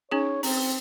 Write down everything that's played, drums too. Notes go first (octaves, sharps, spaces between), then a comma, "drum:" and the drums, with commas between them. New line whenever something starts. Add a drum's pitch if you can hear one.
C#4 D#4 G#4 C#5
C4 A#5, drum: open hi-hat